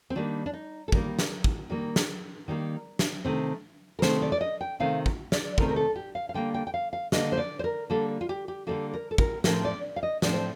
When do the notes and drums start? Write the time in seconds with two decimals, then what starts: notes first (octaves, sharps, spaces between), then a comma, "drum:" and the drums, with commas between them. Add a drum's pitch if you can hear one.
0.10 C4
0.15 D#3 G3 A#3 D4
0.46 D4
0.53 D#4
0.88 A4
0.92 D#3 G3 A#3 A#4, drum: kick
1.19 drum: snare
1.44 drum: kick
1.70 D#3 G3 A#3
1.96 drum: snare
2.48 D#3 G3 A#3
2.99 drum: snare
3.24 C3 D#3 A3 C4
3.99 A#4
4.02 C3 D#3 A3 C4 C5, drum: snare
4.22 D5
4.32 D5
4.41 D#5
4.61 G5
4.80 C3 D#3 A3 C4 F5
5.06 drum: kick
5.32 D5, drum: snare
5.58 C3 D#3 A3 C4 A#4, drum: kick
5.69 A#4
5.76 A4
5.96 G4
6.15 F5
6.29 F5
6.34 D3 G3 A#3 G5
6.54 G5
6.67 G5
6.74 F5
6.93 F5
7.12 D3 G3 A#3 D#5, drum: snare
7.32 C5
7.38 D5
7.59 C5
7.64 A#4
7.90 D3 G3 A#3 A4
8.21 F4
8.29 G4
8.48 G4
8.67 D3 G3 A#3 A4
8.94 A#4
9.11 A4
9.18 A#4, drum: kick
9.44 A2 F3 C4 A#4, drum: snare
9.65 D5
9.96 F5
10.03 D#5
10.22 A2 F3 C4 D5, drum: snare
10.33 C5